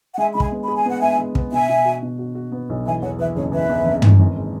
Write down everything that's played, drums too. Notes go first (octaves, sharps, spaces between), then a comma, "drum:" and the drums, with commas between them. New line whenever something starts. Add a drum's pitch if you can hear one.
F#5
G#3 E5 G#5
G#3 B5
E5 G#5, drum: kick
B3
B5
G#4
G#5
B3 F#5
G#3 E5 G#5
G#3
B3, drum: kick
B2 E5 G#5
B2
F#4
B2
F#4
F#4
B3
B1
E3 E5 G#5
E2 C#5 F#5
E3 B4 E5
F#1 G#4 C#5
E3 B4 E5
E2
F#1
E3, drum: tom
G#1
G#3